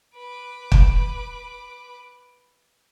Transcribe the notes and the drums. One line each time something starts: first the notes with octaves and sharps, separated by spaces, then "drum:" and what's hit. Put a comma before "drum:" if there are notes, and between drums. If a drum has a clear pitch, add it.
B4 D6
drum: kick